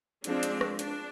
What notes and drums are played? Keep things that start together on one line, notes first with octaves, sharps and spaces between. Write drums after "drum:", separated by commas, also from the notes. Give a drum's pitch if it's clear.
F3 G#3 C4 D4, drum: hi-hat
drum: hi-hat
drum: rim click
D4, drum: hi-hat